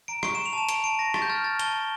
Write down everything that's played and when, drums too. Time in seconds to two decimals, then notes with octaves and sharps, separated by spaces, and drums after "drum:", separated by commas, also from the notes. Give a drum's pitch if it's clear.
0.08 A#5 D7
0.23 C#6 D7, drum: rim click
0.35 E7
0.38 C#6
0.46 F7
0.53 A5 E7
0.69 A5 D7, drum: hi-hat
0.84 A5 D7
0.99 A5 A#6
1.14 C#6 A6, drum: rim click
1.22 G6
1.29 F6 A6
1.44 F6 A6
1.59 A5 G7, drum: hi-hat
1.75 A5